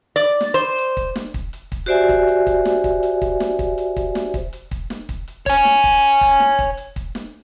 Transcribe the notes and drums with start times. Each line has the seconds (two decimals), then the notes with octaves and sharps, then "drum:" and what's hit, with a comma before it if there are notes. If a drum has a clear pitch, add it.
0.16 D5
0.41 drum: snare
0.54 C5
0.78 drum: hi-hat
0.97 drum: kick, hi-hat
1.16 drum: snare
1.34 drum: kick, hi-hat
1.53 drum: hi-hat
1.72 drum: kick, hi-hat
1.86 F#4 G4 C5 D5 E5 G#5
2.09 drum: kick, hi-hat
2.28 drum: hi-hat
2.47 drum: kick, hi-hat
2.65 drum: snare
2.84 drum: kick, hi-hat
3.03 drum: hi-hat
3.22 drum: kick, hi-hat
3.40 drum: snare
3.59 drum: kick, hi-hat
3.78 drum: hi-hat
3.96 drum: kick, hi-hat
4.15 drum: snare
4.34 drum: kick, hi-hat
4.53 drum: hi-hat
4.71 drum: kick, hi-hat
4.90 drum: snare
5.09 drum: kick, hi-hat
5.28 drum: hi-hat
5.46 C#5 G#5, drum: kick, hi-hat
5.65 drum: snare
5.84 drum: kick, hi-hat
6.21 drum: kick, hi-hat
6.40 drum: snare
6.59 drum: kick, hi-hat
6.77 drum: hi-hat
6.96 drum: kick, hi-hat
7.15 drum: snare